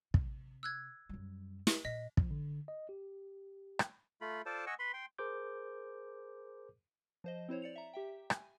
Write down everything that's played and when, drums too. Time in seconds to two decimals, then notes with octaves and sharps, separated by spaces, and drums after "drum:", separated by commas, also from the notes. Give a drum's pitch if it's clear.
0.14 C3, drum: kick
0.63 E6 F#6 G#6
1.09 F#2 G3
1.67 drum: snare
1.85 A#2 D#5 B6
2.17 F3, drum: kick
2.31 D3
2.68 D#5
2.89 G4
3.79 drum: rim click
4.21 A3 F4 B5
4.46 F4 A4 C5 D5 A5
4.67 D#5 F#5 G#5 C#6 E6
4.79 B4 B5 C6
4.93 G5 C6
5.18 G#4 A#4 C5 D6 G6
7.24 F3 C5 D#5
7.49 C4 E4 C5 C#5
7.62 D5 C#7 F7
7.76 E5 A#5
7.93 G4 E5 G5
8.30 G#5, drum: rim click